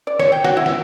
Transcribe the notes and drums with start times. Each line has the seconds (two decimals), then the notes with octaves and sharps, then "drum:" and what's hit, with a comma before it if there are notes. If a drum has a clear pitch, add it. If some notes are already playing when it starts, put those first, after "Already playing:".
0.07 D5
0.19 C#5, drum: snare
0.32 G5
0.44 F#4, drum: snare
0.57 E4
0.66 drum: snare